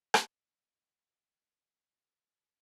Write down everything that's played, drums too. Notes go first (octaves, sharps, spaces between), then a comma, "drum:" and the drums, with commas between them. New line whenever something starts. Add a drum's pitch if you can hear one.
drum: rim click
D#5 G5
G#5 C6